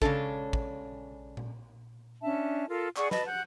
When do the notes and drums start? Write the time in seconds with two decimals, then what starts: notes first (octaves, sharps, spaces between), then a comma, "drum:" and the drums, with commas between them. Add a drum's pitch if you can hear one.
0.02 C#3 G#3 C#4 D4 A4, drum: kick
0.53 drum: kick
1.37 drum: tom A#2
2.23 C#4 D4 E5 A5
2.68 F4 A4 A#4
2.96 G#4 D5 F#5 C#6, drum: clap
3.11 B4 D#5 A5 B5, drum: snare
3.26 F#5 G6